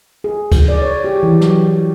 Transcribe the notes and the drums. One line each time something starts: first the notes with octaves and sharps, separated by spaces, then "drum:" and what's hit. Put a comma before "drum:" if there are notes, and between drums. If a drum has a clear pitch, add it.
G#4
drum: kick C#2, cymbal
D5
C#5
G4
E3
F#3, drum: snare
E3